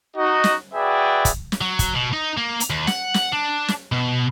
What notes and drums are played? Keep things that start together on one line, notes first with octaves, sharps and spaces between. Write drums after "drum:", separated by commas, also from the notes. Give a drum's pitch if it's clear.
D#4 F#4 D#5
drum: snare
F#4 G#4 B4 D5 E5 G5
drum: kick, hi-hat
drum: snare
F#3
drum: kick, hi-hat
B2
D#4
A#3
drum: hi-hat
D#2
F#5, drum: snare
drum: snare
D4
drum: snare
B2